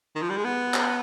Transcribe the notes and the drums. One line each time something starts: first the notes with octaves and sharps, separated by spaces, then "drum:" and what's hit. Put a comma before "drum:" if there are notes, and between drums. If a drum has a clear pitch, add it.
D#3
F3
G3
G#3
B3
drum: clap